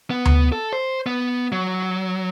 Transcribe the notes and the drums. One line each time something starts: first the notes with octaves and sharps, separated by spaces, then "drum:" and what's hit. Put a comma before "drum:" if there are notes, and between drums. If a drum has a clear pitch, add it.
B3
drum: tom D2
A4
C5
B3
F#3